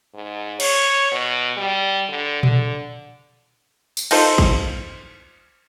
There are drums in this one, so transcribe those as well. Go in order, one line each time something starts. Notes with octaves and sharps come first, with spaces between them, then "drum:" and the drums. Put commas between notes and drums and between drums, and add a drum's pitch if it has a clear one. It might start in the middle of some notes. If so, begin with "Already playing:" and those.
G#2
C#5, drum: cymbal
B2
G3
D3
D3, drum: tom A#2
drum: tambourine
D#4 F4 A4 C5, drum: cymbal
drum: kick